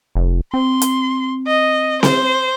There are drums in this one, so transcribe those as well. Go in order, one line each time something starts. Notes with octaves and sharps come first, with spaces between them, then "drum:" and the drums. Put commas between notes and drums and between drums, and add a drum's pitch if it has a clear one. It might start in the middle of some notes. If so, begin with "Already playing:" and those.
F1
C4 C6
drum: hi-hat
D#5
C5, drum: snare C4